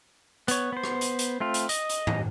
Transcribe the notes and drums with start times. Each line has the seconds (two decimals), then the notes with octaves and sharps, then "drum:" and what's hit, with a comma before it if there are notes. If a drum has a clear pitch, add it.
0.48 B3 C#5, drum: hi-hat
0.72 B3 C5
0.84 drum: rim click
1.01 drum: hi-hat
1.19 drum: hi-hat
1.40 A3 C4 F4
1.54 drum: hi-hat
1.69 D#5, drum: hi-hat
1.89 drum: hi-hat
2.07 drum: tom G2